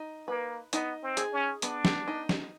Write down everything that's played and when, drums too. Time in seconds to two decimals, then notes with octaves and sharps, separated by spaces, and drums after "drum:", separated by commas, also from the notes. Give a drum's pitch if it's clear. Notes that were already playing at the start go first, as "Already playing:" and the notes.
Already playing: D#4
0.28 A#3 B4
0.73 B3 D#4, drum: hi-hat
1.03 C4
1.17 G#4, drum: hi-hat
1.33 C#4
1.62 B3 D4, drum: hi-hat
1.85 drum: snare
2.08 D#4
2.29 drum: snare